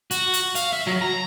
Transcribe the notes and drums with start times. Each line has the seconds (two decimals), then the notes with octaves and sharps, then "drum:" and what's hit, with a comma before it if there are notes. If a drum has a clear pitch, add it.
0.11 F#4, drum: hi-hat
0.33 drum: hi-hat
0.55 F5, drum: hi-hat
0.73 E5
0.87 F#3
1.01 A#5